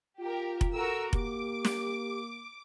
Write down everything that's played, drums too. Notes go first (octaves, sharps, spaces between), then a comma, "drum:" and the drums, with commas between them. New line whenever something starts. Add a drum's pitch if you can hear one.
F4 G4 A#4
drum: kick F1
F#4 A4 A#4 E6
A#3 G4 D6, drum: kick F1
drum: snare